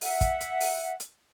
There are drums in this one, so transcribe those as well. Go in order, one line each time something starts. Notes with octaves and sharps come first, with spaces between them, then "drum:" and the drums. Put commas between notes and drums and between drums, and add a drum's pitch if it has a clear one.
E5 F#5, drum: open hi-hat
drum: kick, hi-hat
drum: hi-hat
drum: open hi-hat
drum: hi-hat